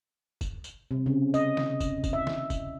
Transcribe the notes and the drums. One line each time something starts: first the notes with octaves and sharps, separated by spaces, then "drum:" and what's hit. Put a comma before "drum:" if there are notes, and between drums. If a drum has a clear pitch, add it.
drum: kick, tambourine
drum: tambourine
C3
C#3
D#5, drum: tambourine
drum: snare
drum: kick, tambourine
drum: kick, tambourine
E5
drum: snare
drum: kick, tambourine